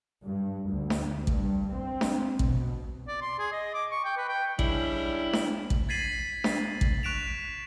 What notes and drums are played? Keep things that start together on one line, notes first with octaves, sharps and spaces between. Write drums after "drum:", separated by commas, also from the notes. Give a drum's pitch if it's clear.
G2
D2
drum: snare D4
G2, drum: kick
C4
drum: snare D4
B2, drum: kick
D5
C6
G#4
D#5
D6
C#6
G5
B4
G5
G3 G#3 C#4 D4 E4, drum: kick
drum: snare D4
drum: kick
G#6 A6 B6 C7 D#7 F#7
drum: snare D4
drum: kick
C#6 F#6 B6 D7 E7 F7